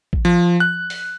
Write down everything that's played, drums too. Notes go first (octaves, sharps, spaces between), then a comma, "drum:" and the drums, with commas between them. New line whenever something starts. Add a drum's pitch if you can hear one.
drum: kick A1
F3
F#6
drum: open hi-hat